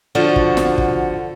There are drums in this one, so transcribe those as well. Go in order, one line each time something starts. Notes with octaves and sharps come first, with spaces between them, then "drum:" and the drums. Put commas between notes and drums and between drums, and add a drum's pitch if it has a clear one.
D3 F3 F#4 C5
drum: kick
drum: snare
drum: kick